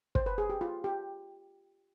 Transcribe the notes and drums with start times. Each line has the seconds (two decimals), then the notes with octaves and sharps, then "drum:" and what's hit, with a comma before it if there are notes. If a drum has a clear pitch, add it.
0.15 C5, drum: kick
0.26 B4
0.38 G#4
0.50 G4
0.61 F4
0.84 G4